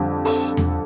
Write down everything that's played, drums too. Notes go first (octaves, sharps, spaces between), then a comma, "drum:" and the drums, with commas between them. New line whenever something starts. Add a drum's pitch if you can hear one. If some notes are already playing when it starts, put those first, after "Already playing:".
Already playing: F2 D3 G3
A4, drum: open hi-hat
drum: tom E2